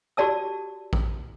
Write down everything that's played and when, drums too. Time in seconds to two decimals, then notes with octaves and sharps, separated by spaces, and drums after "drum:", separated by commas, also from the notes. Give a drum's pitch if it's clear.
0.17 F#4 G4 D5 A5 E6
0.93 drum: kick A#1